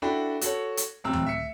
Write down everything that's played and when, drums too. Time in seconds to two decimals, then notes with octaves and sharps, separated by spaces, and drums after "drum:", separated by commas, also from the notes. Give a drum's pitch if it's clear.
0.02 D4 E4 F#4 A4 G5 B5
0.41 F#4 A4 C#5, drum: hi-hat
0.77 drum: hi-hat
1.04 D1 C4 A#5 E6
1.13 drum: tom D2
1.26 E5 C#7